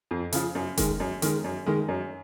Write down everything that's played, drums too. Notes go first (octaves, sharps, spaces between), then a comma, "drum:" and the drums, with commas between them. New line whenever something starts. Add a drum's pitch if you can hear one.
F2
C#3 F3, drum: hi-hat
F#2
D#3 G#3, drum: kick F1, hi-hat
F#2
D#3 G#3, drum: hi-hat
F#2
D#3 G#3
F#2